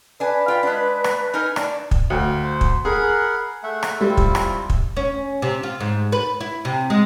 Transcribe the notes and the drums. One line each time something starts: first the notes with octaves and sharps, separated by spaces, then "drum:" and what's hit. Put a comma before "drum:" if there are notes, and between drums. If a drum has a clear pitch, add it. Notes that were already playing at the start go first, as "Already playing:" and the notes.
D4 B4 G#5
F4 G5
G#3 D4
drum: rim click
D#4 A#4 G#5
D4, drum: rim click
drum: kick
D2 F5 G5
C5
drum: kick
G#4 A#4 F#5 B5
A3 E5 F#5
drum: rim click
G3 C4 E4 F4
drum: kick
drum: rim click
drum: kick
C#4
C3
F4
G#2
B4
E4
C3
G#3